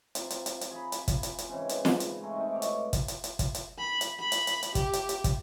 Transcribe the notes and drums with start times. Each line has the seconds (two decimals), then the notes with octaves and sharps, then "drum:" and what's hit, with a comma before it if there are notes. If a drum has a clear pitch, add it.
0.15 C4 F4 A#5, drum: hi-hat
0.30 drum: hi-hat
0.46 drum: hi-hat
0.61 drum: hi-hat
0.71 G#4 A#5 B5
0.92 drum: hi-hat
1.08 drum: kick, hi-hat
1.23 drum: hi-hat
1.38 drum: hi-hat
1.48 G#2 C#3 E3 C4
1.69 drum: hi-hat
1.85 drum: snare
2.00 drum: hi-hat
2.22 G#3 A3 D#4
2.36 C3 D#4
2.52 B2 C#5 D5
2.62 drum: hi-hat
2.93 drum: kick, hi-hat
3.08 drum: hi-hat
3.24 drum: hi-hat
3.39 drum: kick, hi-hat
3.55 drum: hi-hat
3.78 B5
4.01 drum: hi-hat
4.20 B5
4.32 drum: hi-hat
4.47 drum: hi-hat
4.63 drum: hi-hat
4.75 G4, drum: kick, hi-hat
4.93 drum: hi-hat
5.09 drum: hi-hat
5.24 drum: kick, hi-hat